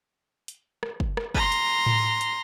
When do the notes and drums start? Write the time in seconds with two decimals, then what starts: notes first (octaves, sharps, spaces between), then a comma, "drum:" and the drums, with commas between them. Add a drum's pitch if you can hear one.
0.48 drum: hi-hat
0.83 drum: rim click
1.00 drum: kick
1.17 drum: rim click
1.35 A#5 C6, drum: kick
1.52 drum: hi-hat
1.86 drum: tom A2
2.21 drum: hi-hat